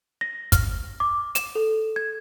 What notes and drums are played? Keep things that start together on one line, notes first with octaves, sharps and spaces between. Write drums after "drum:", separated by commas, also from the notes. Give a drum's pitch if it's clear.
A#6
F6, drum: kick, hi-hat
D6
E7, drum: hi-hat
A4
G#6